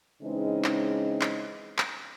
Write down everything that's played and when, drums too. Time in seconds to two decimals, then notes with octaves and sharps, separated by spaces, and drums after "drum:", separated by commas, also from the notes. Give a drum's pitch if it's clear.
0.21 C#3 E3 G#3 C4 D#4
0.64 drum: clap
1.21 drum: clap
1.78 drum: clap